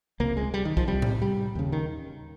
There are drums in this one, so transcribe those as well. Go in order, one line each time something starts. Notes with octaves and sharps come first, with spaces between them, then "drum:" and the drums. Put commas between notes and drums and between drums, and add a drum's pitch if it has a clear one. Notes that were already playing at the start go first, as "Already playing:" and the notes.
C#2 C3 A#3
G#3
G3
D#3
F3, drum: kick
C2 C3 G3
drum: tom A2
G3
D#2 C#3
D#3